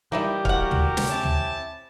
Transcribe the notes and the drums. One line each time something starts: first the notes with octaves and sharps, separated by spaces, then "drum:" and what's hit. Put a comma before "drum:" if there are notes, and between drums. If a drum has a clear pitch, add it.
E3 G3 A#3 D#4 E4 G4
F#4 A#4 F5 F#5, drum: kick
drum: tom
drum: snare
C4 E4 C#5 G#5 A5
drum: tom